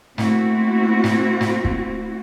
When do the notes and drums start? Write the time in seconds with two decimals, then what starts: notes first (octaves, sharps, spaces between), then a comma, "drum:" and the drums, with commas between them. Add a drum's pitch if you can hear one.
0.18 A3 A#3 C4 E4 F#4, drum: snare
1.04 drum: snare
1.41 drum: snare
1.65 drum: kick